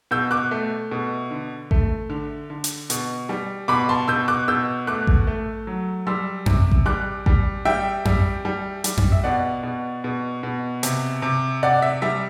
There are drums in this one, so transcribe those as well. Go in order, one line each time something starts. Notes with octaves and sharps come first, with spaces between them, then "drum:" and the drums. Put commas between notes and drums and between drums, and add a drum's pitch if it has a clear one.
B2 E6 G6
D6 F#6
A3
B2
D3
A3, drum: kick A1
D3
D3
drum: hi-hat
B2, drum: hi-hat
G3
B2 B5 D6
A5 C6
B2 E6 G6
D6 F#6
B2 E6 G6
A3 D6 F#6
drum: kick A1
A3
F#3
G3 C6 E6
C3, drum: tom F2
drum: kick A1
G3 D6 F#6
G3, drum: kick A1
G3 E5 G5
G3, drum: tom F2
G3
G3, drum: hi-hat
drum: tom F2
E5
B2 D5 F#5
B2
B2
B2
C3, drum: hi-hat
C3
C3 D5 F#5
E5
G3 E5